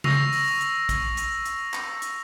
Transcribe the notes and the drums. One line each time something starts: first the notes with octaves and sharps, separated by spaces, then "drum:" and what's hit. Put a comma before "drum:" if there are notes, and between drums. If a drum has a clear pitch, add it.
C#6 E6 A#6 C7 F7, drum: tom C#3
drum: open hi-hat
drum: hi-hat
drum: kick, hi-hat
drum: hi-hat
drum: hi-hat
drum: clap
drum: hi-hat